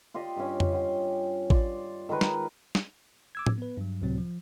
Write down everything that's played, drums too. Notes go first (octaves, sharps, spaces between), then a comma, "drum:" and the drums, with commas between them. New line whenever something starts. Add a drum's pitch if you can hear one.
F4 G4 D5 D#5
G2 C#4
drum: tom F2
F4 G5
F4 D5, drum: kick A1
D#3 G#3 A#4 B4
drum: snare
drum: snare
D6 E6 G#6
drum: tom
B3 B4
G2 F#3
C#2 A2 C3 F#3 C4
F3